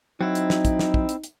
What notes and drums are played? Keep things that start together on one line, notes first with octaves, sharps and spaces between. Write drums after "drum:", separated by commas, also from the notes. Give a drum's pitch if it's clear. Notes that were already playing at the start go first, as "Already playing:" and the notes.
F#3 C4 D#4 E4
drum: hi-hat
drum: snare
drum: kick, hi-hat
drum: snare
drum: kick
drum: hi-hat
drum: hi-hat